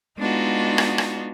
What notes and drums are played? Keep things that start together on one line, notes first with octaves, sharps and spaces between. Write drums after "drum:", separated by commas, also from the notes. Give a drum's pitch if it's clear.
G#3 B3 D4 D#4 F4 F#4
drum: rim click
drum: rim click